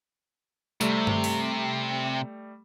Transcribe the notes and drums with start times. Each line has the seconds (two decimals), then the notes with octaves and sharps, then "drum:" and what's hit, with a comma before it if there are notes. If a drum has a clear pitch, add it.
0.81 C3 G3 A3, drum: tambourine
1.07 drum: tom G2
1.24 drum: open hi-hat